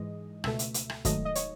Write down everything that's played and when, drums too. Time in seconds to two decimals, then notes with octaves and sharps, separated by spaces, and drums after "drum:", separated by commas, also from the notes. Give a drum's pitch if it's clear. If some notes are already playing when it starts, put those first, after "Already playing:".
Already playing: G#2 E3 G#3 D#5
0.44 C#2 B2 A3 E5, drum: rim click
0.59 drum: hi-hat
0.74 drum: hi-hat
0.90 drum: rim click
1.05 G#2 D#3 F#3 A3 D#5, drum: kick, hi-hat
1.25 D#5
1.35 C#5, drum: hi-hat